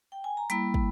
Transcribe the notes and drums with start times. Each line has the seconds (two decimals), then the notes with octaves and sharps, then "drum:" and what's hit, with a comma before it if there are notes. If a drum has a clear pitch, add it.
0.12 G5
0.24 G#5
0.37 A#5
0.50 G3 A#3 E4 B5, drum: hi-hat
0.74 drum: kick